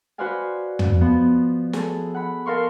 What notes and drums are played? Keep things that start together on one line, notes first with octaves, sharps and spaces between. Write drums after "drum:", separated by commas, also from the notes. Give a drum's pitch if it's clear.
F#4 B4 C5 D5 F5 G#5
drum: tom
F3 B3
G#4 A4, drum: snare
F#5 B5
A4 A#4 F5 C6 C#6